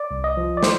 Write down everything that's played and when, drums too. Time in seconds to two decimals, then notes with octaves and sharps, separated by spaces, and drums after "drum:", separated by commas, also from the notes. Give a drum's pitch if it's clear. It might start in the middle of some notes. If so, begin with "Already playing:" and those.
Already playing: D5
0.11 C2
0.24 D#5
0.37 F3
0.57 D5
0.63 A3 C5, drum: snare